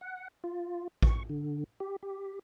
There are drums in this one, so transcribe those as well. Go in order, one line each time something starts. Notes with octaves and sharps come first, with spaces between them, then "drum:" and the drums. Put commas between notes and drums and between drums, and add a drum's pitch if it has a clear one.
F#5
F4
C#6, drum: kick A1
D3
G4
G4